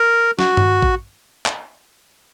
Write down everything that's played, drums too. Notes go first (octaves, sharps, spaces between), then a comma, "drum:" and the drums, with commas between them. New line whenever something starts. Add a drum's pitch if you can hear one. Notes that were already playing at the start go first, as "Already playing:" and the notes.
Already playing: A#4
F#4, drum: snare
drum: tom G2
drum: kick A1
drum: clap